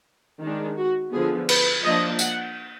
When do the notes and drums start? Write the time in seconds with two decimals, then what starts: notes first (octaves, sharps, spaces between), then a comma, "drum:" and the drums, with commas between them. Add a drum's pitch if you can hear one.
0.41 D#3 G#3 D4
0.77 F#4
1.12 D3 F3 B3 G#4
1.49 B4, drum: cymbal
1.84 F3 A#3 D4 D#5
2.19 F#5, drum: tambourine